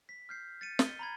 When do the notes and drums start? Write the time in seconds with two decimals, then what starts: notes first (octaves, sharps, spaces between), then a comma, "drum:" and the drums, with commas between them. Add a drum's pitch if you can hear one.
0.09 B6
0.29 F6 G6 C7
0.61 A6 C#7 D#7
0.79 G7, drum: snare
0.99 A#5 B5 G#6